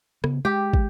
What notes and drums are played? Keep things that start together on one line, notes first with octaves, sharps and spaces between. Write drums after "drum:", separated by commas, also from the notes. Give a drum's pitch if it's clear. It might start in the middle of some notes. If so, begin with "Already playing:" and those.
C#3 B3, drum: rim click
G#3 G4
drum: kick